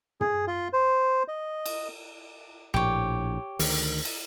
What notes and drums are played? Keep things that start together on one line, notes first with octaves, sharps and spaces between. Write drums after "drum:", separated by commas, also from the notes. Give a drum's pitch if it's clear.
G#4, drum: tom
F4
C5
D#5
drum: cymbal
A#1 A2 G4 C#5
D2 D#3, drum: open hi-hat
drum: cymbal